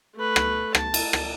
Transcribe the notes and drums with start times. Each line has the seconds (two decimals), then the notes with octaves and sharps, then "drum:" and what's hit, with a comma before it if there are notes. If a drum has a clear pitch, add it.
0.15 A3 B4
0.36 drum: rim click
0.75 A5, drum: rim click
0.94 drum: cymbal
1.13 drum: rim click